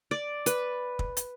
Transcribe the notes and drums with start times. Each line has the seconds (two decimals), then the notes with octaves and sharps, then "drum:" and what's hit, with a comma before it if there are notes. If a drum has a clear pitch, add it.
0.11 D5
0.46 B4, drum: hi-hat
0.99 drum: kick
1.17 drum: hi-hat